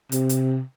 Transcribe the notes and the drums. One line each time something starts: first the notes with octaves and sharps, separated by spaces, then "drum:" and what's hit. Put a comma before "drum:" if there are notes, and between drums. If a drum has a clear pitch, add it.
C3, drum: hi-hat
drum: hi-hat